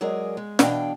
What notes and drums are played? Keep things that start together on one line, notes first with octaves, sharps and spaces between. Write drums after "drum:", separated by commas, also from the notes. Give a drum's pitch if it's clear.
F#3 G#3 G#4 A#4 D5
G#3
B2 E3 D4 F5 G5, drum: snare